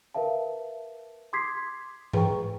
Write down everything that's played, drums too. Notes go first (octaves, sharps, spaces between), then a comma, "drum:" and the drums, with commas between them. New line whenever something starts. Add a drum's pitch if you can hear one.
A#4 B4 E5 F5 A5
C6 D6 D#6 G#6 B6 C7
G#4 B4 G5 A#5 C#6, drum: tom G#2